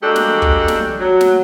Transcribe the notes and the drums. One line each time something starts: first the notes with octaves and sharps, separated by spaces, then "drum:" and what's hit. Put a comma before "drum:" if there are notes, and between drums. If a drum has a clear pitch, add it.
G#3 A#3 D4 F#4 G4 A4
drum: snare
drum: kick
drum: snare
F#3
drum: snare